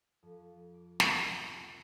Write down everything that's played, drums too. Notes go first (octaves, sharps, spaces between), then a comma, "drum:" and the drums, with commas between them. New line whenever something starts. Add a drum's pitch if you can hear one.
F2
D6
C2, drum: snare